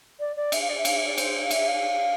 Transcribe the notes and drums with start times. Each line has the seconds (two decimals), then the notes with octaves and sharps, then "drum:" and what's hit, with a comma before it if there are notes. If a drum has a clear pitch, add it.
0.19 D5
0.36 D5
0.52 E5, drum: cymbal
0.61 F5
0.69 D5
0.77 E5
0.85 F5, drum: cymbal
0.96 E5
1.07 D5
1.18 C5, drum: cymbal
1.44 F5
1.51 E5, drum: cymbal
1.67 F5